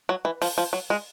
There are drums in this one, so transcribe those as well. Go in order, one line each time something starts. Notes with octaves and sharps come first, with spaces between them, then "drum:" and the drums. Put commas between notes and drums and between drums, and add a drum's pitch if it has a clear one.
F#3
E3
F3, drum: open hi-hat
F3
F#3
G#3